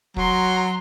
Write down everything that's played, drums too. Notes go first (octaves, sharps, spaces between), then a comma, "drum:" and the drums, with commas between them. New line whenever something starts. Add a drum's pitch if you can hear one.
F#3 A#5 C6, drum: kick